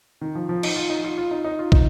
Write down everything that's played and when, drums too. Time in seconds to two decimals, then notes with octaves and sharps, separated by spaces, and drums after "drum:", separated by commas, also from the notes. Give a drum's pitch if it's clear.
0.21 D#3
0.35 F3
0.49 F3
0.63 D#4, drum: cymbal
0.76 F4
0.90 D#4
1.04 F4
1.18 F4
1.31 D#4
1.44 D#4
1.59 F4
1.72 D#4, drum: kick